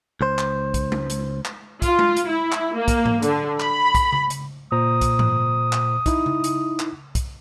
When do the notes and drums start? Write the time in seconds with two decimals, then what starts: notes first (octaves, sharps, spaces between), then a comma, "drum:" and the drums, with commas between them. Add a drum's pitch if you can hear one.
0.21 C#2 C5
0.39 drum: clap
0.74 drum: kick, hi-hat
0.92 drum: tom G#3
1.10 drum: hi-hat
1.45 drum: clap
1.82 F4, drum: kick, hi-hat
1.99 drum: tom G#3
2.17 drum: hi-hat
2.28 E4
2.52 drum: clap
2.75 A#3
2.88 drum: kick, hi-hat
3.06 drum: tom G#2
3.22 D3, drum: hi-hat
3.60 B5, drum: clap
3.95 drum: kick, hi-hat
4.12 drum: tom C#3
4.30 drum: hi-hat
4.72 A#2 C5 A#5 D#6
5.01 drum: kick, hi-hat
5.19 drum: tom G#2
5.73 drum: clap
6.06 D#4 E4, drum: kick, hi-hat
6.26 drum: tom C#3
6.44 drum: hi-hat
6.79 drum: clap
7.15 drum: kick, hi-hat